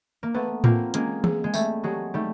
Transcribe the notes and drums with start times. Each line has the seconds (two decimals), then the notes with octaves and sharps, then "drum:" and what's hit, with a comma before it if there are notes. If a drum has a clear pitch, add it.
0.23 A#3
0.35 A3 B3 B4
0.64 A#3 C4 F4, drum: tom A2
0.94 G#3 A#3 C#4, drum: hi-hat
1.24 G#4, drum: tom E3
1.44 G#3
1.54 G3 A3 E5, drum: tambourine
1.84 F#3 G#3 G4
2.14 G3 A3 D#4